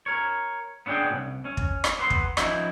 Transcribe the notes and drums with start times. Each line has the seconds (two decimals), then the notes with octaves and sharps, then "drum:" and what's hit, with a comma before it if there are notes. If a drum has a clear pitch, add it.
0.06 A#4 C#5
0.86 B3 C#4 D4 G#4 G5
1.10 C2 A#2
1.45 C#4
1.57 drum: kick
1.84 drum: rim click
1.99 B3 B4 C6
2.10 drum: kick
2.37 F3 C#4 D#4 E4, drum: rim click